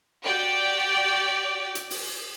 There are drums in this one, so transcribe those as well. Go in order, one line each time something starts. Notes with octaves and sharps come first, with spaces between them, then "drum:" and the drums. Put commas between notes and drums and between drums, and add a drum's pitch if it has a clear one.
F#4 G4 D5 G5
drum: hi-hat
drum: open hi-hat